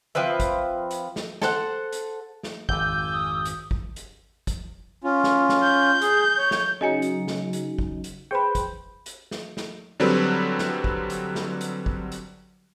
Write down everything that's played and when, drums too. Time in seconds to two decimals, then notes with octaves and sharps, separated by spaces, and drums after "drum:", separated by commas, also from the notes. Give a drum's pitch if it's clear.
0.15 F3 C4 B4 E5
0.40 drum: kick G#1, hi-hat
0.91 drum: hi-hat
1.16 drum: snare
1.42 A4 C5 F#5, drum: snare
1.92 drum: hi-hat
2.43 drum: snare
2.69 G#1 F2 G#5 D6 E6 G6, drum: kick G#1
3.13 D#6
3.45 drum: hi-hat
3.71 drum: kick G#1
3.96 drum: hi-hat
4.47 drum: kick G#1, hi-hat
5.04 C#4 F4
5.24 drum: snare
5.49 drum: snare
5.63 G6
6.01 G#4, drum: hi-hat
6.38 C#5
6.51 drum: snare
6.81 C#3 F#3 D#4 D#5 G#5 C#7
7.02 drum: hi-hat
7.28 drum: snare
7.53 drum: hi-hat
7.79 drum: kick G#1
8.04 drum: hi-hat
8.31 G#4 B4 C5 G5 B5
8.55 drum: kick G#1, hi-hat
9.06 drum: hi-hat
9.31 drum: snare
9.57 drum: snare
10.00 D3 F#3 G3 C4 A4 B4
10.59 drum: snare
10.84 drum: kick G#1
11.10 drum: hi-hat
11.35 drum: snare
11.61 drum: hi-hat
11.86 drum: kick G#1
12.12 drum: hi-hat